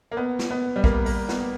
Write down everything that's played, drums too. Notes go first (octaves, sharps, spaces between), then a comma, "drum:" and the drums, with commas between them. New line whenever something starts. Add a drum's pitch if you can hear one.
A#3
B3
drum: snare
B3
G3
A#3, drum: kick
A#3, drum: open hi-hat
B3, drum: snare